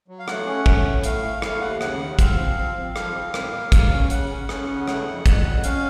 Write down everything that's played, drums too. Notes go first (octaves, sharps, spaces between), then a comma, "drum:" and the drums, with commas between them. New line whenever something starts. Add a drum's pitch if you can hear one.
F#3
F5
A3 F#5, drum: rim click
C#4
A3, drum: kick
A2
A3 F5, drum: hi-hat
A3
A3 F5, drum: rim click
D#2 F#5
C#3 F#5, drum: rim click
D#2
C4 F5, drum: kick, hi-hat
F3
C4
F3
F3 F5, drum: rim click
C4
A2, drum: rim click
A#3
A#3, drum: kick, hi-hat
C#4
C#3 F#5, drum: hi-hat
C#4
C#4, drum: rim click
C#3
A3 F#5, drum: rim click
F2
F2, drum: kick, hi-hat
F2
C#4 F5, drum: hi-hat